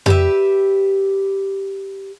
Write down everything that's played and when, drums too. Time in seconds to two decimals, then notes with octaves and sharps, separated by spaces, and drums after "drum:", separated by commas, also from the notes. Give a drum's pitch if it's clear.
0.06 G4 B4 E5, drum: tom F2